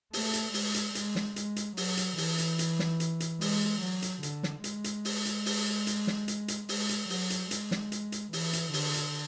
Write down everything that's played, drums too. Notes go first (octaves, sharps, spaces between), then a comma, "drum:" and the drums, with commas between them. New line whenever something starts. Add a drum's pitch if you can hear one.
A3, drum: open hi-hat
drum: hi-hat
G#3, drum: open hi-hat
drum: hi-hat
G#3, drum: hi-hat
drum: snare
G#3, drum: hi-hat
drum: hi-hat
F#3, drum: open hi-hat
drum: hi-hat
E3, drum: open hi-hat
drum: hi-hat
drum: hi-hat
drum: snare
drum: hi-hat
drum: hi-hat
G#3, drum: open hi-hat
F#3
drum: hi-hat
D3, drum: hi-hat
drum: snare
G#3, drum: hi-hat
drum: hi-hat
drum: open hi-hat
drum: hi-hat
drum: open hi-hat
drum: hi-hat
drum: snare
drum: hi-hat
drum: hi-hat
G#3, drum: open hi-hat
drum: hi-hat
F#3, drum: open hi-hat
drum: hi-hat
G#3, drum: hi-hat
drum: snare
drum: hi-hat
drum: hi-hat
E3, drum: open hi-hat
drum: hi-hat
D3, drum: open hi-hat
drum: hi-hat